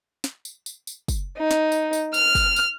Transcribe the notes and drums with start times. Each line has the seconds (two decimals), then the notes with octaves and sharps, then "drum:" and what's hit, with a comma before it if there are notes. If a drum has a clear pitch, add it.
0.24 drum: snare
0.45 drum: tambourine
0.66 drum: tambourine
0.87 drum: tambourine
1.08 drum: kick, tambourine
1.38 D#4
1.51 drum: snare
1.72 drum: tambourine
1.93 drum: tambourine
2.14 F6, drum: tambourine
2.35 drum: kick, tambourine
2.56 drum: tambourine